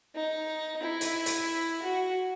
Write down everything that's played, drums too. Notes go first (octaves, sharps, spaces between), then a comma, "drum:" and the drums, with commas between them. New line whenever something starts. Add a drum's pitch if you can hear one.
D#4
E4
drum: hi-hat
drum: hi-hat
F#4